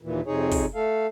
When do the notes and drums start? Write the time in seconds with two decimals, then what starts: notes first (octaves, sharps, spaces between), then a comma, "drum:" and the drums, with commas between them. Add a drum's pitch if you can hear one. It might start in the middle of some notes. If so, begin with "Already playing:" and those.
0.01 D#2 A#2 E3
0.26 F2 C3 D#4 G#4 C#5
0.51 drum: kick, open hi-hat
0.75 A3 A4 F5